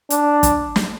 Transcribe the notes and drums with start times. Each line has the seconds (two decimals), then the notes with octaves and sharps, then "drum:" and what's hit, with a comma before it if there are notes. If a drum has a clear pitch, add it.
0.10 D4, drum: hi-hat
0.43 drum: kick, hi-hat
0.76 drum: snare